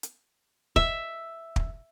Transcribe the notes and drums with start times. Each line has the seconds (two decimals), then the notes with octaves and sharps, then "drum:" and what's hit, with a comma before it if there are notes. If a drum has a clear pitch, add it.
0.03 drum: hi-hat
0.76 E5, drum: kick
1.56 drum: kick